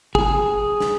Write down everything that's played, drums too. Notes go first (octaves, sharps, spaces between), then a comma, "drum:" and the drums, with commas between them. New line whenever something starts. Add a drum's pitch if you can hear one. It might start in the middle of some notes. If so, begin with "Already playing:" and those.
G#4, drum: kick
drum: snare